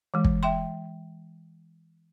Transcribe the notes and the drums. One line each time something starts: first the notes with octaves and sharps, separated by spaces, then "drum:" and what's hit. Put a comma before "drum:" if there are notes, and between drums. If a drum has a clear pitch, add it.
E3 G#3
drum: kick
E5 G5 C6